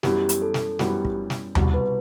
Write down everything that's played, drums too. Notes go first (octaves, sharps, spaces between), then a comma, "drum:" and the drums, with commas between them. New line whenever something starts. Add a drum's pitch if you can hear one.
F#2 E3 G3 B3 G4, drum: snare
drum: hi-hat
A4
drum: snare
F#2 E3 G3 B3 G4, drum: snare
drum: kick
drum: snare
C2 B2 G3, drum: tom D#2
B4